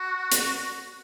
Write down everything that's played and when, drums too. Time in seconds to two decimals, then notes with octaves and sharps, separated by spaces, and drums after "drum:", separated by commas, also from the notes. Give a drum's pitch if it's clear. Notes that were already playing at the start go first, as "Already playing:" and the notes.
Already playing: F#4
0.32 drum: hi-hat